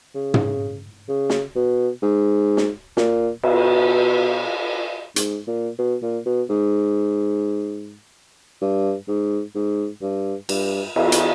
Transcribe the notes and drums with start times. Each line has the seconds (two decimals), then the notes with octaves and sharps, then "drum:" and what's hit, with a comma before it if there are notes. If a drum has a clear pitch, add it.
0.14 C#3
0.34 drum: tom
1.08 C#3
1.30 drum: snare
1.55 B2
2.02 G#2
2.57 drum: snare
2.97 A#2, drum: snare
3.43 B2, drum: cymbal
5.16 G#2, drum: hi-hat
5.47 A#2
5.78 B2
6.02 A#2
6.26 B2
6.49 G#2
8.61 G2
9.08 G#2
9.55 G#2
10.02 G2
10.49 G2, drum: cymbal
10.96 E2, drum: cymbal
11.12 drum: hi-hat